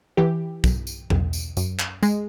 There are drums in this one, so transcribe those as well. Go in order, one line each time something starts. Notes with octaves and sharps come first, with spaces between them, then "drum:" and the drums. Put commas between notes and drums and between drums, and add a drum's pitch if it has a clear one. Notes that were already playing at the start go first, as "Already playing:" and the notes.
E3 G4
B1, drum: kick, tambourine
drum: tambourine
B1, drum: tom E2
drum: tambourine
F#2, drum: tambourine
drum: clap
G#3, drum: tambourine